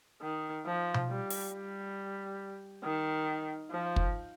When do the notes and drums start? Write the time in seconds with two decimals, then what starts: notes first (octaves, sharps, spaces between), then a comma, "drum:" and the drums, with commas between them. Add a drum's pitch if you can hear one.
0.22 D#3
0.66 F3
0.94 drum: tom B2
1.09 G3
1.30 drum: open hi-hat
1.54 G3
2.84 D#3
3.72 F3
3.96 drum: kick